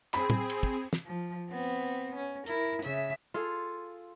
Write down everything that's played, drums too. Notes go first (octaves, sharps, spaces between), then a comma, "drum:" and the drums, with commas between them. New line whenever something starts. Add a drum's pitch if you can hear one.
C4 G#4 B5, drum: clap
drum: tom A2
drum: cymbal
drum: kick
drum: snare
F3
B3 C4
C#4
E4 A#4, drum: hi-hat
C#3 E5, drum: hi-hat
F4 G#4 A4